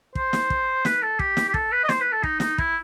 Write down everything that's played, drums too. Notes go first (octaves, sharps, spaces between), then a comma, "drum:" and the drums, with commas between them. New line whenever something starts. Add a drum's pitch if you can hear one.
C5, drum: kick
drum: snare
drum: kick
B4, drum: snare
A4
G4, drum: kick
drum: snare
G4
A4, drum: kick
B4
D#5
C5, drum: snare
B4
A4
D#4, drum: kick
D#4, drum: snare
E4, drum: kick